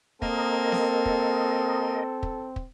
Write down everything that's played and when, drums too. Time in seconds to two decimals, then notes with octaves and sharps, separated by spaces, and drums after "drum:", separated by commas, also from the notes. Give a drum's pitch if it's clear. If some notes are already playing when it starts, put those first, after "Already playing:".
0.22 A#3 C4 A4 A#4 D#5, drum: kick
0.72 drum: snare B3
1.06 drum: kick
2.23 drum: kick
2.56 drum: kick